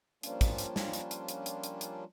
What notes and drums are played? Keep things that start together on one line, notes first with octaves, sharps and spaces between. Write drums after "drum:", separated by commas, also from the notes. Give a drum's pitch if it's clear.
F3 G3 A#3 C#4 D4 F4, drum: hi-hat
drum: kick, hi-hat
drum: hi-hat
drum: snare
drum: hi-hat
drum: hi-hat
drum: hi-hat
drum: hi-hat
drum: hi-hat
drum: hi-hat